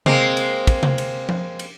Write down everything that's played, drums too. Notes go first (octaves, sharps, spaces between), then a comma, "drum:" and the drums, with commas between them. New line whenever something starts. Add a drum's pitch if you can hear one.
G#3 A#3 C4, drum: tom C3
drum: cymbal
drum: kick, cymbal
drum: tom C3
drum: cymbal
drum: tom F3
drum: cymbal